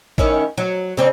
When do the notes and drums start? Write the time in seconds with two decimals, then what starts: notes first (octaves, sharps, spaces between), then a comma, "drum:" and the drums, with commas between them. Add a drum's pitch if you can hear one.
0.18 D#3 C#4 E4, drum: kick
0.58 F#3
0.97 C#3 C4 D4